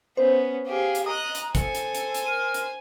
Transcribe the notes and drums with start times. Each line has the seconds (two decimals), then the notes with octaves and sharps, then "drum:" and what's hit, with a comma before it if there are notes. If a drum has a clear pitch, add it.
0.17 B3 C#4 C5
0.67 G4 G#4 F5
0.95 drum: hi-hat
1.06 D#5 A#5 D#6 F#6
1.35 drum: hi-hat
1.55 A4 C5 G#5 C#7, drum: kick, hi-hat
1.75 drum: hi-hat
1.95 drum: hi-hat
2.15 drum: hi-hat
2.26 A#4 D#7
2.54 drum: hi-hat